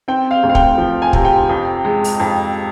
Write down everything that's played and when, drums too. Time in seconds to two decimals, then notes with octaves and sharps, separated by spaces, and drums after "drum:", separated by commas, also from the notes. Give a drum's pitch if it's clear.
0.08 C4 G5
0.31 F5
0.43 D2
0.49 F5
0.55 G5, drum: kick
0.78 F3
1.02 G#5
1.13 C3, drum: kick
1.25 G5
1.49 F2
1.85 G#3
2.04 drum: open hi-hat
2.20 F2